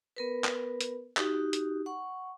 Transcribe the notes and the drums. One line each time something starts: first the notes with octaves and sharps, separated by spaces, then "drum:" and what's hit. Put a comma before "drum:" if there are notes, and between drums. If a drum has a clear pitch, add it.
B3 A#4 B4
drum: clap
drum: hi-hat
D#4 F#4 G4, drum: clap
drum: hi-hat
F#5 C#6